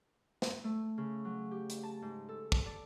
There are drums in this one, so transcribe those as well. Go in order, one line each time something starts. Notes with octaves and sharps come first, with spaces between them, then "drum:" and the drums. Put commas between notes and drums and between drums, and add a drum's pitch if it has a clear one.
drum: snare
A3
C#3
F#3
G4
drum: hi-hat
A5
G#2
A4
A5, drum: kick
D5